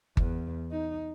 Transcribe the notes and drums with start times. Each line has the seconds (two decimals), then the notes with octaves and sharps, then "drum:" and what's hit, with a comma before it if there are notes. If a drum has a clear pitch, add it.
0.17 E2, drum: kick G1
0.71 D#4